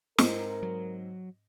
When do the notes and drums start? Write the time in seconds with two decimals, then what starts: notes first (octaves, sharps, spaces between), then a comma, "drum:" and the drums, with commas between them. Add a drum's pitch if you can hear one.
0.18 G#2 C4 A#4 D#5, drum: snare
0.62 F#3